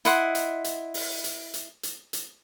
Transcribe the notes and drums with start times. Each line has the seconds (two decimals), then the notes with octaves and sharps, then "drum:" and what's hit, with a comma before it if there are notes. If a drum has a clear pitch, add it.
0.05 E4 D#5 F#5 C6, drum: hi-hat
0.35 drum: hi-hat
0.64 drum: hi-hat
0.94 drum: open hi-hat
1.24 drum: hi-hat
1.54 drum: hi-hat
1.83 drum: hi-hat
2.13 drum: hi-hat